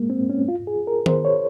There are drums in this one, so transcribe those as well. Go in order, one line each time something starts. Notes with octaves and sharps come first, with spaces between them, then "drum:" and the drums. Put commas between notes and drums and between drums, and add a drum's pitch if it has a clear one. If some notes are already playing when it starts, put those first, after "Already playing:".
Already playing: G#3 A#3
C4
C#4
F4
G#4
A#4
C5, drum: tom D#3
C#5